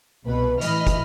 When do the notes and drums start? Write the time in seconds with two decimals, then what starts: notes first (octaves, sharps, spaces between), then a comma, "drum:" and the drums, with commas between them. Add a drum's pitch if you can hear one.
0.25 C2 B2 B4
0.61 A2 E3 D#5 B5 F6, drum: hi-hat
0.87 drum: kick, hi-hat